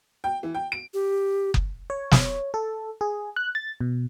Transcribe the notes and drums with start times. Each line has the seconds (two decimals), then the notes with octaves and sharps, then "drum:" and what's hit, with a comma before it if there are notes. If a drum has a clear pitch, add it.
0.24 G5
0.43 E3
0.55 G5
0.72 D7
0.94 G4
1.54 drum: kick F#1
1.90 C#5
2.11 drum: snare
2.54 A4
3.01 G#4
3.36 F#6
3.55 A6
3.81 B2